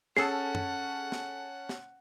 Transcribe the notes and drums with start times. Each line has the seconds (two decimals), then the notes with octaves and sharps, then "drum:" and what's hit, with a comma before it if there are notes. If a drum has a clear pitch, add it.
0.17 C#4 G#4 A4 F#5 A5 C7, drum: snare
0.55 drum: tom
1.12 drum: snare
1.69 drum: snare